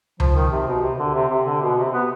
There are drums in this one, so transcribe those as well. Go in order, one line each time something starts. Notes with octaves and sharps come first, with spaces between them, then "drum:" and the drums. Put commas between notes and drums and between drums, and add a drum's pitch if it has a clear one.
F3, drum: tom C#2
D#3
C3
B2
C3
D3
C3
C3
D3
B2
C3
B3